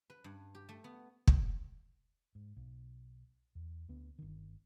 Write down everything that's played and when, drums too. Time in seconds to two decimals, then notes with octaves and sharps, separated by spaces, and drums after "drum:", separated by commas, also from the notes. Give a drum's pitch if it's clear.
0.10 B4
0.24 G2
0.55 G4
0.69 A3
0.84 B3
1.27 drum: kick
2.35 G#2
2.57 B1
3.55 E2
3.89 D2 D3 B3
4.19 G1 D#3